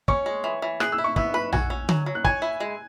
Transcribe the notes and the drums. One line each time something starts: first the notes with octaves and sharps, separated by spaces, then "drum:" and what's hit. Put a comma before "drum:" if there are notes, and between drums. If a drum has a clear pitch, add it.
C#4 C#5 C#6, drum: kick
G#3
E3
E3
G#4 F#6, drum: rim click
E6
E4
C#6
B3 E5 E6, drum: kick
B4
F#4 G#5 G#6, drum: tom A#1
C#4
F#3, drum: tom D3
F#3
F#6
C#5 G#5 G#6, drum: kick
E4
G#3